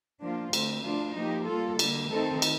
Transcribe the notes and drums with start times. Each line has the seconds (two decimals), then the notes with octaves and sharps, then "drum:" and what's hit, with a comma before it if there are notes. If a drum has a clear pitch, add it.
0.21 F3 A#3 D4 F4
0.53 D3 A3 C4, drum: cymbal
0.84 F3 A3 D4 F4
1.16 F3 A#3 D#4 G4
1.48 G3 A#3 F4 A4
1.79 D3 G3 A#3, drum: cymbal
2.11 D#3 A3 C4 D#4 A4
2.42 drum: cymbal